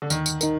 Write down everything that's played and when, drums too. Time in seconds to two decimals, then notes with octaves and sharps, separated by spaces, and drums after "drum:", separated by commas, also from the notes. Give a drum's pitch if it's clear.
0.02 D3
0.10 D#2 D#3, drum: tambourine
0.26 drum: tambourine
0.41 D#4 A#4, drum: tambourine